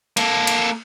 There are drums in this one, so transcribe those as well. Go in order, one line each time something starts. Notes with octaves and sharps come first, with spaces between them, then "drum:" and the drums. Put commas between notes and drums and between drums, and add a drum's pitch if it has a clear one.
A#3 A4, drum: cymbal
drum: cymbal